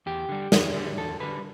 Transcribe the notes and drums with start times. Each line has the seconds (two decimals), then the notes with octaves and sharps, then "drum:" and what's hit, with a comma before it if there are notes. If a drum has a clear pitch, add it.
0.06 E2 G4
0.29 D3 G3
0.52 E2, drum: snare
0.74 D3 G3
0.98 E2 A4
1.20 D3 G3 B4